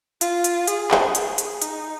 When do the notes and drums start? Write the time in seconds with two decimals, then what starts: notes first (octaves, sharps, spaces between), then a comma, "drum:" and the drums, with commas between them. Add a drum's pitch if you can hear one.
0.21 F4, drum: hi-hat
0.44 drum: hi-hat
0.67 G#4, drum: hi-hat
0.91 drum: clap
1.15 G#4, drum: hi-hat
1.38 drum: hi-hat
1.62 D#4, drum: hi-hat